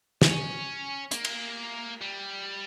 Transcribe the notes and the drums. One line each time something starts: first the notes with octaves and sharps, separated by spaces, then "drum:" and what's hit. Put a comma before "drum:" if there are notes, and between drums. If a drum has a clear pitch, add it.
C#4, drum: snare
A#3, drum: hi-hat
drum: cymbal
G3